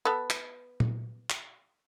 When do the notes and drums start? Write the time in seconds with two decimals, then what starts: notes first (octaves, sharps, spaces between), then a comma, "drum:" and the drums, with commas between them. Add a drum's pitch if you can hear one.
0.05 B3 A4
0.30 drum: clap
0.80 drum: tom A#2
1.30 drum: clap